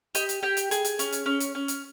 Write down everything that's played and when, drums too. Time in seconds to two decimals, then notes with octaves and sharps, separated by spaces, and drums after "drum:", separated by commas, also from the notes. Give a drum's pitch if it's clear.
0.15 G4 D#5, drum: hi-hat
0.29 drum: hi-hat
0.43 G4 G5
0.57 drum: hi-hat
0.71 G#4, drum: hi-hat
0.85 drum: hi-hat
0.99 C#4, drum: hi-hat
1.12 drum: hi-hat
1.26 C#4
1.40 drum: hi-hat
1.55 C#4
1.68 drum: hi-hat